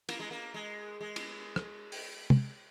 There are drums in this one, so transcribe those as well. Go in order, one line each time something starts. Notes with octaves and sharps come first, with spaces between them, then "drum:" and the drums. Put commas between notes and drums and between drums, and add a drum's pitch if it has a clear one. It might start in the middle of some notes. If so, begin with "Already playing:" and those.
A#3, drum: cymbal
G#3
A#3
G#3
G#3
drum: cymbal
drum: rim click
drum: open hi-hat
drum: tom